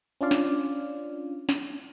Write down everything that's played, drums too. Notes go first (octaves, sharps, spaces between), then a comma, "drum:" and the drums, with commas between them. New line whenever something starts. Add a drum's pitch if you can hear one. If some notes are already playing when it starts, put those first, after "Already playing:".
C#4 D4 F4 D5 F5
drum: snare
drum: snare